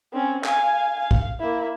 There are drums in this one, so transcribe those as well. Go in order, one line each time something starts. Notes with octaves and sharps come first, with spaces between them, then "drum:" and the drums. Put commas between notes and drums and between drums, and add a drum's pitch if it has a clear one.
C4 C#4
F5 G#5, drum: clap
F5
drum: kick
A#3 E4